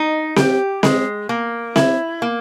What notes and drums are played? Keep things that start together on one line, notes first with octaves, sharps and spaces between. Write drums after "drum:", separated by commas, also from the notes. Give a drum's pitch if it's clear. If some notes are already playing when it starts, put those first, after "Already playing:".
Already playing: D#4
G4, drum: snare C4
G#3, drum: snare C4
A#3
E4, drum: snare C4
A#3